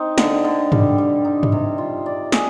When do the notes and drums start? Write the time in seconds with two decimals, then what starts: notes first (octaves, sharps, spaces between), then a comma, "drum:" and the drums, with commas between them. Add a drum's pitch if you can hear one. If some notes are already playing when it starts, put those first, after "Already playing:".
Already playing: C4 D#4
0.18 D3, drum: snare
0.44 D3
0.72 G3, drum: tom G2
0.98 G3
1.25 D#4
1.43 drum: tom G2
1.52 C3
1.78 F4
2.06 D5
2.32 G#4, drum: snare